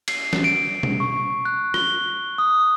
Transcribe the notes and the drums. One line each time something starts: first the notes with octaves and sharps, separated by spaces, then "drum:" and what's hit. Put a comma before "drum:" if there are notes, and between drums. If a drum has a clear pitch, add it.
C7, drum: cymbal
drum: snare
D7
drum: tom B2
C#6
F#6
G7, drum: rim click
D#6